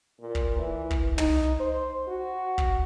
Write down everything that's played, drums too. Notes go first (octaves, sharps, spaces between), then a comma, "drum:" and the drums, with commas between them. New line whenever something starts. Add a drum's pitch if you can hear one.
A#2
drum: kick
E3
drum: kick
D#4, drum: tom
C5
F#4
drum: kick